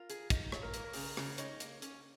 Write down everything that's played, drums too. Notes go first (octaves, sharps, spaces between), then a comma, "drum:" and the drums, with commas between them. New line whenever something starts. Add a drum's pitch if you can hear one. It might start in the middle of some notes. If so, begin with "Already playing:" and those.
Already playing: F4 A#4
G#4, drum: hi-hat
D#4, drum: kick, hi-hat
A#2 C#5, drum: rim click
A#4
A#3 A#4, drum: hi-hat
A#4
C#3 G#4, drum: open hi-hat
A#4
C#3, drum: rim click
D#4 C#5, drum: hi-hat
A#3, drum: hi-hat
C#4, drum: hi-hat